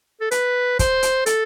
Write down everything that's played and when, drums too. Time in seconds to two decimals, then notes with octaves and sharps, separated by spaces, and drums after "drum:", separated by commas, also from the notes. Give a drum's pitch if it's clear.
0.21 A4
0.31 B4, drum: hi-hat
0.79 C5, drum: kick, hi-hat
1.03 drum: hi-hat
1.26 A4, drum: hi-hat